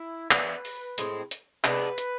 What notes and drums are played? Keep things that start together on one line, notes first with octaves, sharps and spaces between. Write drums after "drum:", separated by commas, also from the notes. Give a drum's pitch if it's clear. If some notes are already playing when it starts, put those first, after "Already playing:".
Already playing: E4
E3 B3 D4 B4, drum: clap
drum: open hi-hat
A2 G#3 C4, drum: hi-hat
drum: hi-hat
C3 G#3 B3 D4 B4, drum: clap
drum: hi-hat